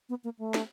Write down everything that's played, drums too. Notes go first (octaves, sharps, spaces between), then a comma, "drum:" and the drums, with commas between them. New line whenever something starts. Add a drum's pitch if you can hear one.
B3
A#3
A3
drum: snare